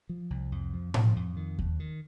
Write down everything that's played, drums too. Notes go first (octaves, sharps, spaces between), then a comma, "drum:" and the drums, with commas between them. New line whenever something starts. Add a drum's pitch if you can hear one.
F3
C2
F2
F3
F3, drum: tom A2
F2
D#3
D#2, drum: kick E2
D#3